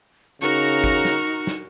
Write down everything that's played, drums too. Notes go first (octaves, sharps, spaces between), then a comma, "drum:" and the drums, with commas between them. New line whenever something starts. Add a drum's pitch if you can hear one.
C#3 D#4 F#4 A#4 A#5 C#6
drum: kick
drum: snare
drum: snare